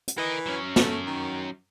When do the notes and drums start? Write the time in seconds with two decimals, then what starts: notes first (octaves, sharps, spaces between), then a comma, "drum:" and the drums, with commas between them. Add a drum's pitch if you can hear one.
0.07 drum: hi-hat
0.18 E3 A#4 D#5
0.46 F#3 C#4
0.76 A3, drum: snare
1.07 D#3